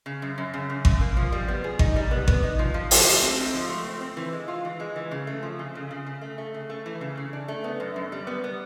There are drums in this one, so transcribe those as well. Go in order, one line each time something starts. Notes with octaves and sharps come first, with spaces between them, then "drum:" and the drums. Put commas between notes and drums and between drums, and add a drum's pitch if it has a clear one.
C#3
F#2
F#2
C#3
F#2
F#2, drum: kick G#1
A#3
F3
G3
B3
G#4
D#4, drum: kick G#1
G3
B3
B3, drum: kick G#1
D#4
F3
F3
G#2, drum: open hi-hat
A3
C4
G#2
F3
A3
C4
C4
E3
G#3
F4
E3
G#3
E3
C#3
A3
F3
C#3
C#3
C#3
C#3
A3
A3
C#3
A3
E3
C#3
C#3
D4
A3
B3
F#2
F#2
G3
B3
B3